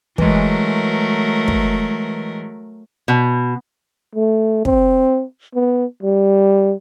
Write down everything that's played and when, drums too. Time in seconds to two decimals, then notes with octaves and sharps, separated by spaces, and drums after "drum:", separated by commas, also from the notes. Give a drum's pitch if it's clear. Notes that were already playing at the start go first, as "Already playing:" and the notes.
0.18 E3 F#3 G#3 A3 A#4, drum: kick
1.48 drum: kick
3.08 B2
4.15 A3
4.65 C4, drum: kick
5.55 B3
6.03 G3